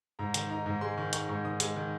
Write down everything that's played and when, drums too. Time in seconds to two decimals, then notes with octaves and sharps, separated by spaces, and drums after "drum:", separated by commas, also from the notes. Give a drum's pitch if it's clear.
0.19 G#2 A#5
0.34 D#3, drum: hi-hat
0.50 D#4 A#5
0.66 G#2
0.81 G#3 C6
0.97 D#3 C#6
1.13 D#4 C#6, drum: hi-hat
1.29 G#2 C#6
1.44 D#3 D#6
1.60 G#3, drum: hi-hat
1.76 D#3